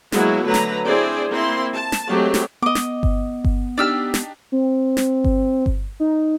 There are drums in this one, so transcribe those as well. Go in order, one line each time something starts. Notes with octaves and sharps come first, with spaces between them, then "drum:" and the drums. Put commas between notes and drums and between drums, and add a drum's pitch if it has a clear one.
F#3 G#3 A#3 B3 E4 F#4, drum: snare
D3 F#3 A3 B4 A#5
drum: snare
C4 D4 E4 G#4 C5 D5
A#3 C4 E4 C6
A5
drum: snare
F#3 G#3 A3 C4 G4
drum: snare
B3 D#5 D6
drum: snare
drum: kick G1
drum: kick G1
D4 D#4 G4 D5 E6 F6
drum: snare
C4
drum: snare
drum: kick G1
drum: kick G1
D#4